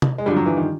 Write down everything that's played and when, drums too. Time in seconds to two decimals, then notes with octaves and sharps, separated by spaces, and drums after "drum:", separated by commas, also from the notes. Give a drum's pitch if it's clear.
0.02 drum: tom C3
0.18 G#3
0.26 G2 D3 F3 G3
0.36 F#3
0.46 E3
0.57 D#3